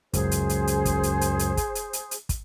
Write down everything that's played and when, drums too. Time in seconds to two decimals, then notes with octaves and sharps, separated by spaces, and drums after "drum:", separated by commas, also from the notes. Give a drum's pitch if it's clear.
0.13 C#2 F#2 G#4 C5, drum: kick, hi-hat
0.31 drum: hi-hat
0.49 drum: hi-hat
0.67 drum: hi-hat
0.85 drum: kick, hi-hat
1.03 drum: hi-hat
1.21 drum: hi-hat
1.39 drum: hi-hat
1.57 drum: kick, hi-hat
1.75 drum: hi-hat
1.93 drum: hi-hat
2.11 drum: hi-hat
2.29 drum: kick, hi-hat